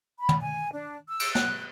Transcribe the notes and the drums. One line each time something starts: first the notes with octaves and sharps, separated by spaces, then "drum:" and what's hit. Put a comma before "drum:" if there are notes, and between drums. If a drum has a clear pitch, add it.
B5
drum: tom
G#5
D4
E6
drum: cymbal
F#6, drum: snare